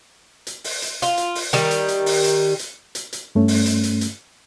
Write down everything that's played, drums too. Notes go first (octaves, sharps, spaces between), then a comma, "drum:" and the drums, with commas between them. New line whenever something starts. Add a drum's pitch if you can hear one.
drum: hi-hat
drum: open hi-hat
drum: hi-hat
F4, drum: hi-hat
drum: hi-hat
drum: open hi-hat
D#3 G3, drum: hi-hat
drum: hi-hat
drum: hi-hat
drum: open hi-hat
drum: hi-hat
drum: hi-hat
drum: hi-hat
drum: hi-hat
G2 A3 C#4
drum: open hi-hat
drum: hi-hat
drum: hi-hat
drum: hi-hat